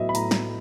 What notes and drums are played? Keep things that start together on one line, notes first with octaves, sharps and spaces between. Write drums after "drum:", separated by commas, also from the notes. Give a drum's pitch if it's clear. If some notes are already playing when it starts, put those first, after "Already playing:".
Already playing: A2 F#3 B3 D#5 E5
B5
A2 A#5, drum: hi-hat
drum: snare